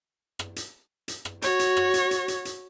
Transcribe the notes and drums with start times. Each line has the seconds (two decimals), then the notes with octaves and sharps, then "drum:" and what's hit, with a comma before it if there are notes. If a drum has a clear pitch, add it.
0.39 drum: rim click
0.56 drum: hi-hat
1.08 drum: hi-hat
1.25 drum: rim click
1.42 F#4 C#5, drum: hi-hat
1.59 drum: hi-hat
1.77 drum: rim click
1.94 drum: hi-hat
2.11 drum: hi-hat
2.28 drum: hi-hat
2.45 drum: hi-hat